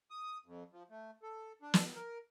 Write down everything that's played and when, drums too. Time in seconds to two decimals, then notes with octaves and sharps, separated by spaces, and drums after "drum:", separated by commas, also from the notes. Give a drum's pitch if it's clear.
0.11 D#6
0.46 F2
0.72 F3
0.90 A3
1.23 A4
1.62 D4
1.74 drum: snare
1.95 A#4